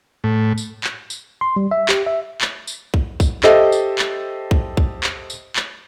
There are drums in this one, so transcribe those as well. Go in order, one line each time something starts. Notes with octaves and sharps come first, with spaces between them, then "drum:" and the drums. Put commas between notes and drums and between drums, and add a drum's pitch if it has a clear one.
A2
drum: tambourine
drum: clap
drum: tambourine
C6
G3
E5
G4, drum: clap
E5
drum: clap
drum: tambourine
drum: kick
drum: kick, tambourine
G4 A4 C5 D#5 E5, drum: clap
drum: tambourine
drum: clap
drum: kick
drum: kick
drum: clap
drum: tambourine
drum: clap